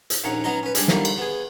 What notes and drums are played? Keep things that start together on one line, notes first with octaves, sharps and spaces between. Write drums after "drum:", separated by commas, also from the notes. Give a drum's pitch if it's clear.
drum: hi-hat
A#1 D#2 C#4 D#4 F#5
F#3 B3 C#4 D#4 A#5 C6
C#4 B4
G3 G#3 D4 G#4 G5, drum: hi-hat
D3 D#3 G3 A#3 E4, drum: snare
drum: cymbal
B3 G#4